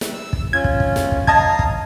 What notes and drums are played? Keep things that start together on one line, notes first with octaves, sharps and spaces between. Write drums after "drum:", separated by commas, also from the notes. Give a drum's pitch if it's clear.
drum: snare
E6
drum: kick
C#4 F4 G#6
drum: kick
drum: kick
drum: snare
drum: kick
D#5 F5 A5 A#5 D#6 G#6, drum: kick
drum: kick